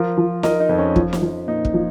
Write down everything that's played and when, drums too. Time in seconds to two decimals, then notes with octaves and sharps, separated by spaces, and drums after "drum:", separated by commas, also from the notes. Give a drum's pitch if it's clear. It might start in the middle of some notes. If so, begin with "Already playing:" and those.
Already playing: F3 F4 A#4
0.18 F3
0.43 F3 A#4 D#5, drum: snare
0.60 D#4
0.69 F2
0.78 C#4
0.96 F3, drum: kick
1.13 drum: snare
1.22 F3
1.47 A#2 D#4
1.65 drum: kick
1.74 F3